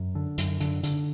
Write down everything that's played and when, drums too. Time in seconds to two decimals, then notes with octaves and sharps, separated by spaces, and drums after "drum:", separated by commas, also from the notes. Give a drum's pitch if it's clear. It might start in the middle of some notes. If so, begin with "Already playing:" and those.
Already playing: F#2
0.15 D3
0.38 F#2, drum: hi-hat
0.60 D3, drum: hi-hat
0.83 D3, drum: hi-hat